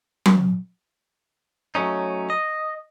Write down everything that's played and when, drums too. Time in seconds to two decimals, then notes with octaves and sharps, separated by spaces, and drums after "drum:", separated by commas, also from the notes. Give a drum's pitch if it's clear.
0.26 drum: tom F#3
1.75 F#3 A3 C#4 D#4
2.30 D#5